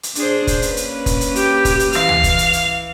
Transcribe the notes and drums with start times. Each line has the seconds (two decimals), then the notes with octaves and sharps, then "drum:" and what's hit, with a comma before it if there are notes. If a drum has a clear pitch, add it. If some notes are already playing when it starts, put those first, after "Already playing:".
0.03 drum: hi-hat
0.15 D4 G#4 C5, drum: hi-hat
0.47 drum: kick F1, hi-hat
0.62 A#3 C#4 B4, drum: hi-hat
0.77 drum: hi-hat
1.06 drum: kick F1, hi-hat
1.21 drum: hi-hat
1.35 G4, drum: hi-hat
1.65 drum: kick F1, hi-hat
1.79 drum: hi-hat
1.93 E3 F5, drum: hi-hat
2.09 drum: tom D2
2.24 drum: kick F1, hi-hat
2.38 drum: hi-hat
2.53 drum: hi-hat